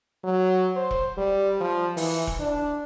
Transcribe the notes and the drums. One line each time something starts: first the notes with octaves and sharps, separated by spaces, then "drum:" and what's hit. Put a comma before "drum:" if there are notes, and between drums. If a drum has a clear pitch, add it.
F#3
C5
drum: kick E1
G3
F3
E3, drum: open hi-hat
drum: kick E1
D4